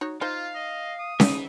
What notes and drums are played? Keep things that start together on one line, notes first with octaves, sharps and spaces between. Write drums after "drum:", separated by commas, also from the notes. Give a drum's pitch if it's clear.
D#4 F#4 C#5
D#4 F4 C5 F5
D#5
D#6
D#4 B4 E5, drum: snare C#4